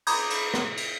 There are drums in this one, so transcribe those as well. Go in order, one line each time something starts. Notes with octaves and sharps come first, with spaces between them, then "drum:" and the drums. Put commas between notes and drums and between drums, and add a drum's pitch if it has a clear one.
A#5 B5 D6 D#6 G6 G#6, drum: cymbal
drum: cymbal
drum: rim click
drum: cymbal